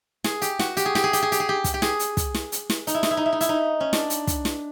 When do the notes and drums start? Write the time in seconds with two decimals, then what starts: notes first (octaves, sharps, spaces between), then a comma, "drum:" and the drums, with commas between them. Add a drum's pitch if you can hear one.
0.24 G#4, drum: snare
0.42 G4, drum: hi-hat
0.59 F#4, drum: snare
0.77 G4, drum: hi-hat
0.86 G#4
0.95 G4, drum: snare
1.04 G#4
1.13 G4, drum: hi-hat
1.22 G#4
1.32 G4, drum: hi-hat
1.40 G#4
1.49 G4
1.64 drum: kick, hi-hat
1.74 G4
1.82 G#4, drum: snare
1.99 drum: hi-hat
2.17 drum: kick, hi-hat
2.34 drum: snare
2.52 drum: hi-hat
2.70 drum: snare
2.87 D#4, drum: hi-hat
2.95 E4
3.03 D#4, drum: snare
3.11 E4
3.17 D#4
3.26 E4
3.33 D#4
3.41 E4, drum: hi-hat
3.49 D#4
3.80 C#4
3.93 D4, drum: snare
4.10 drum: hi-hat
4.27 drum: kick, hi-hat
4.45 drum: snare